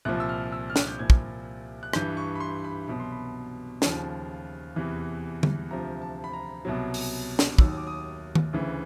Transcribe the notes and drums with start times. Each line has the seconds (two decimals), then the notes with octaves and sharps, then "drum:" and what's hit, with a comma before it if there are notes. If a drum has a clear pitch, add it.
0.05 C2 A#2 F3 F#6
0.20 E6
0.29 F6
0.52 E6
0.70 F6
0.76 F#6, drum: snare
0.88 G6
0.99 C2 A#2 F3 G#6
1.10 drum: kick
1.83 F#6
1.93 G2 E3 G6, drum: rim click
2.17 C#6
2.36 B5
2.40 C6
2.64 B5
2.88 C2 B2 F#3 B5
3.00 C6
3.12 B5
3.82 D#2 C#3 F3, drum: snare
4.76 E2 C3 E3
5.43 drum: tom D3
5.71 D2 C3 F3 A#5
6.02 A5
6.24 B5
6.33 A#5
6.65 C2 B2 F#3
6.94 drum: open hi-hat
7.39 drum: snare
7.58 D#2 D#3 F#3 E6, drum: kick
7.68 D#6
7.77 D6
7.87 D#6
8.35 drum: tom D#3
8.53 D2 C#3 E3